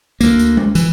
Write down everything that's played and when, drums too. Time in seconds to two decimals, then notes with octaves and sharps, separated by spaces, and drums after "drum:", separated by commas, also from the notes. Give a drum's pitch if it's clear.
0.21 D2 A#3, drum: tambourine
0.39 drum: tambourine
0.57 drum: tom G#3
0.75 E3, drum: tambourine